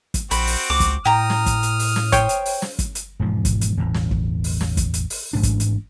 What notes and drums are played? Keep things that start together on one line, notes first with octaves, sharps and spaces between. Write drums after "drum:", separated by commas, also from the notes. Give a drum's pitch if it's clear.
drum: kick, hi-hat
A#1 C4 F#4 G5 B5, drum: hi-hat
drum: open hi-hat
C#2 D6
drum: kick, hi-hat
A2 G5 A#5 D#6 F6
drum: snare
drum: kick, hi-hat
drum: hi-hat
drum: open hi-hat
drum: snare
C5 C#5 G5, drum: kick, hi-hat
drum: hi-hat
drum: open hi-hat
drum: snare
drum: kick, hi-hat
drum: hi-hat
E1 G#2 F3
drum: kick, hi-hat
drum: hi-hat
E1 A1 A2
drum: snare
drum: kick
drum: open hi-hat
drum: snare
drum: kick, hi-hat
drum: hi-hat
drum: open hi-hat
A1 G#2 D4
drum: kick, hi-hat
drum: hi-hat